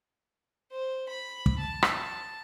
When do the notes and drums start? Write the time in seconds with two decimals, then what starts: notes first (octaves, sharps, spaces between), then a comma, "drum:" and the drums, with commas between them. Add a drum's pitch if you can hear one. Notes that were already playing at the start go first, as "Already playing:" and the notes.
0.72 C5
1.09 B5
1.46 drum: kick
1.59 A5
1.83 drum: rim click